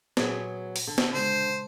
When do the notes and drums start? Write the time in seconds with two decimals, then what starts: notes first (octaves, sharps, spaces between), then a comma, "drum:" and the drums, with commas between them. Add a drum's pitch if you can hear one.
0.17 A#2 F#3 B3 G#4, drum: snare
0.76 drum: open hi-hat
0.87 D3
0.98 drum: snare
1.13 C#3 G#3 C5